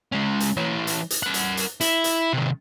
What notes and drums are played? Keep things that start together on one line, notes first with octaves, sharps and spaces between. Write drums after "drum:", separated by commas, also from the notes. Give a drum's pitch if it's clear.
G#3 C#4
drum: hi-hat
E3 C#5
drum: hi-hat
drum: hi-hat
A#4 F#5
drum: hi-hat
drum: hi-hat
E4, drum: hi-hat
drum: hi-hat
C3 D#3